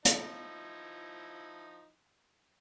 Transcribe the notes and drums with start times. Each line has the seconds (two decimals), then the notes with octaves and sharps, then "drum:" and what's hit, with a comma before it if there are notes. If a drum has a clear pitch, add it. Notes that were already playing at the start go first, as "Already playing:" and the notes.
0.05 F3 D#4 E4, drum: hi-hat